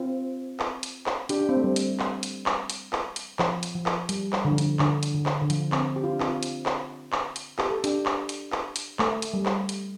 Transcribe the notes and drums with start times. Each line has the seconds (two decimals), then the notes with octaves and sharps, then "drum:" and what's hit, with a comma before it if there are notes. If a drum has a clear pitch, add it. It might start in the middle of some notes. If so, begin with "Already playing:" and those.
Already playing: C4 F4
0.60 drum: clap
0.83 drum: hi-hat
1.06 drum: clap
1.29 D4 G4, drum: hi-hat
1.41 D4
1.49 C4
1.57 A3
1.64 G3
1.76 drum: hi-hat
2.00 drum: clap
2.23 drum: hi-hat
2.46 drum: clap
2.70 drum: hi-hat
2.93 drum: clap
3.16 drum: hi-hat
3.39 F3, drum: clap
3.63 drum: hi-hat
3.75 F3
3.86 drum: clap
4.09 G3, drum: hi-hat
4.33 drum: clap
4.45 D3
4.51 F3
4.58 D3, drum: hi-hat
4.79 D3, drum: clap
5.03 drum: hi-hat
5.14 D3
5.26 drum: clap
5.42 D3
5.50 F3, drum: hi-hat
5.72 C4, drum: clap
5.96 G4
6.04 F4
6.12 D4
6.20 C4 F4, drum: clap
6.43 drum: hi-hat
6.66 drum: clap
7.13 drum: clap
7.36 drum: hi-hat
7.59 G4, drum: clap
7.71 A4
7.84 D4 G4, drum: hi-hat
8.06 drum: clap
8.29 drum: hi-hat
8.52 drum: clap
8.76 drum: hi-hat
8.99 A3, drum: clap
9.22 drum: hi-hat
9.34 G3
9.46 drum: clap
9.69 drum: hi-hat